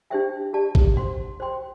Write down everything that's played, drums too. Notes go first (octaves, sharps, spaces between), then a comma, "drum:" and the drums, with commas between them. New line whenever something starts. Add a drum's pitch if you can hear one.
D4 G4 C5 E5 G5
G4 D5 A5
drum: kick A1
C5 F#5 C6
C5 G5 C6